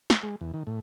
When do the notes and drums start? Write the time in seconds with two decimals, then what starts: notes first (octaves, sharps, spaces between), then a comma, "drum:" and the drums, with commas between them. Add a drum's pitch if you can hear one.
0.10 drum: snare
0.23 G#3
0.41 E2
0.54 D#3
0.67 A2